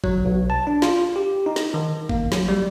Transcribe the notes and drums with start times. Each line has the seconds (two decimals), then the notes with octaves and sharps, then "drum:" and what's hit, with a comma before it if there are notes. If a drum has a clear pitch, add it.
0.04 F#3, drum: kick G#1
0.25 B1
0.50 A5
0.67 D4
0.82 F4, drum: snare
1.16 G4
1.46 D#4
1.56 drum: snare
1.74 D#3
2.09 A#3, drum: kick G#1
2.32 F#3, drum: snare
2.48 G3